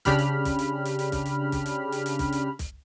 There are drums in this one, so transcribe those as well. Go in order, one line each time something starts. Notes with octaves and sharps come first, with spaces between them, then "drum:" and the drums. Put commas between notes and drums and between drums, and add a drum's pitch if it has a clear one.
C#3 D4 G4 B5 F6, drum: kick, hi-hat
drum: hi-hat
drum: kick, hi-hat
drum: hi-hat
drum: hi-hat
drum: hi-hat
drum: kick, hi-hat
drum: hi-hat
drum: kick, hi-hat
drum: hi-hat
drum: hi-hat
drum: hi-hat
drum: kick, hi-hat
drum: hi-hat
drum: kick, hi-hat